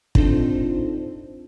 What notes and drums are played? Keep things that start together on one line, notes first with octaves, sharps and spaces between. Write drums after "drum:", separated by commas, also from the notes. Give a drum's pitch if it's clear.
C4 D4 D#4 F4 A4 C5, drum: kick